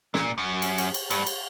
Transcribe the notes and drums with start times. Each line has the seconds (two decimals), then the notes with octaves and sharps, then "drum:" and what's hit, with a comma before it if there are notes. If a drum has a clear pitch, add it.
0.14 A#2, drum: snare
0.38 F#2
0.62 drum: cymbal
0.78 drum: cymbal
0.94 drum: cymbal
1.10 G2, drum: cymbal
1.26 drum: cymbal